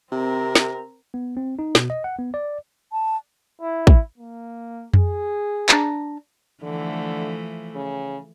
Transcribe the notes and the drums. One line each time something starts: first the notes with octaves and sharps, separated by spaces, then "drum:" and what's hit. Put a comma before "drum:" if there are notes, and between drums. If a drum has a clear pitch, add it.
C3 C4 A#4
drum: snare
B3
C4
D#4
B2, drum: snare
D#5
F#5
B3
D5
A5
E4
drum: kick
A#3
G#4, drum: tom F2
D4 A#5, drum: clap
D3 E3 F3 A3
C#3